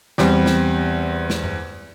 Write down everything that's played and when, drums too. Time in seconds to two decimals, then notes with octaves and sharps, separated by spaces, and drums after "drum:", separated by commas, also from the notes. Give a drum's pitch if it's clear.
0.18 E2 G3 C4, drum: snare
0.46 drum: snare
1.30 drum: snare
1.44 drum: tom F#2